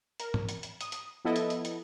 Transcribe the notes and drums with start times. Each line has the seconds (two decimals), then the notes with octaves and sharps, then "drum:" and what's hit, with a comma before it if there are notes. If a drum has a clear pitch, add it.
0.20 A#4, drum: hi-hat
0.34 drum: tom
0.49 drum: hi-hat
0.63 drum: hi-hat
0.81 D#6, drum: hi-hat
0.92 drum: hi-hat
1.25 F3 B3 E4 A4 D#5
1.36 drum: hi-hat
1.50 drum: hi-hat
1.65 drum: hi-hat